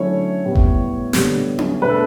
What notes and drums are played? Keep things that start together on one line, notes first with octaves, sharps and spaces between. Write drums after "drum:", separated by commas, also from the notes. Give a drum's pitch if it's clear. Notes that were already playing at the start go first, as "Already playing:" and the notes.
Already playing: D3 F#3 A3 C#4 E4 C#5
A2 G3 B3
drum: kick F#1
D3 G3 B3, drum: snare
drum: tom C#4
B2 A3 D4 B4
A4